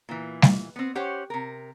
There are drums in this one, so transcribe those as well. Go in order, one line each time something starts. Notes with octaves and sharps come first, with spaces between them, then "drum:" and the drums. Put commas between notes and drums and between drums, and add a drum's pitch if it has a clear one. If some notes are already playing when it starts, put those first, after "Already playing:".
A#2 E3
drum: snare
B3 C4
C#4 G4 C5 C#5 F#5
C3 A#4